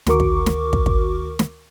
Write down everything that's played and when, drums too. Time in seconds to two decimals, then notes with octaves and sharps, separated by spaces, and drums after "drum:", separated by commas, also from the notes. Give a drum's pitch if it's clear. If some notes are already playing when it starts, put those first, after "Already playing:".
0.07 D2 D#3 F#4 A#4 C#6 D6, drum: snare
0.20 drum: kick
0.46 drum: snare
0.73 drum: kick
0.86 drum: kick
1.39 drum: snare